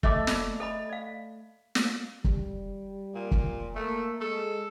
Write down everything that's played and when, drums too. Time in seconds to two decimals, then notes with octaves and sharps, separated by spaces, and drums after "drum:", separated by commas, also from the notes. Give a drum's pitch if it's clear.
0.03 A3 D#5 D6, drum: kick
0.27 D5 B5, drum: snare
0.60 A4 D#5 B5
0.89 D5 F5
1.75 drum: snare
2.24 G3, drum: kick
3.15 A#2
3.31 drum: kick
3.75 A3 A#3
4.21 G#3 A4